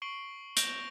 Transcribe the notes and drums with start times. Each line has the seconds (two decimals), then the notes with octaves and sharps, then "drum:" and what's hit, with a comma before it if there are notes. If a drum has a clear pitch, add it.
0.02 C#6 C7 D7 F#7 G7
0.57 G6 A#6 D7 E7 F7 G7, drum: hi-hat